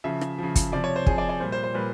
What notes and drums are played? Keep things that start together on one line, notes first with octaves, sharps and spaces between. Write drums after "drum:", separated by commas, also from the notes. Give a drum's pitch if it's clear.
C#3 F3 E5
drum: rim click
C#3 F3
drum: kick, hi-hat
C3 F3 D5
C#5
C5
C3 F3 G#4, drum: kick
D5
D5
A#2 G3 C5
C5
C5
A#2 G3 B4